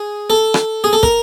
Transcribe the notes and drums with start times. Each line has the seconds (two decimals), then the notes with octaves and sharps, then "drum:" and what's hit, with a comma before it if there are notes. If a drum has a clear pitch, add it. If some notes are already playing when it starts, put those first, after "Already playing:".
Already playing: G#4
0.30 A4
0.54 drum: rim click
0.84 G#4
0.93 A4
1.03 A#4, drum: kick